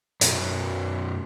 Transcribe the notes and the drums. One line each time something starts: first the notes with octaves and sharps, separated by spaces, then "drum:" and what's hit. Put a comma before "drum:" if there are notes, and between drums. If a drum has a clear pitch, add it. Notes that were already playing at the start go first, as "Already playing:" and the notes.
F#2 B2 F#3, drum: hi-hat